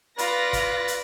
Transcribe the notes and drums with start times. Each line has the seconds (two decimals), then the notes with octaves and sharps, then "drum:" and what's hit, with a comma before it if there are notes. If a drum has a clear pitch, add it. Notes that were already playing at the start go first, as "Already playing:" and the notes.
0.18 F4 B4 D5 A#6, drum: hi-hat
0.53 drum: kick, hi-hat
0.88 drum: hi-hat